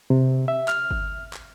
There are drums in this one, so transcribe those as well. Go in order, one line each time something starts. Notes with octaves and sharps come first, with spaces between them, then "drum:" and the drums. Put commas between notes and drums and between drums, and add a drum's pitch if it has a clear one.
C3
E5
F6, drum: clap
drum: kick G1
drum: clap